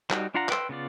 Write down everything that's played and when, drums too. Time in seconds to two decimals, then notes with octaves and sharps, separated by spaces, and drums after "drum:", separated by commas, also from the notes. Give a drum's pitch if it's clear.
0.10 G3 D#4 F#4, drum: clap
0.34 D4 F4 F5 F#5 A#5
0.49 B4 G5 C6 E6, drum: clap
0.69 C#3 B3 F4 D5